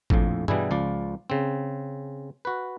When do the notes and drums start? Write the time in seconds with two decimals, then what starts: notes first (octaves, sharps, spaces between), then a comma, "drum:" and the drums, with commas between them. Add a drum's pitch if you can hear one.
0.10 A#1 F2 A2 F3, drum: kick G#1
0.48 B2 E3 G3 D4 E4 G#4, drum: tom G2
0.71 C#2 F3 D5
1.30 C#3 C4
2.45 F#4 B4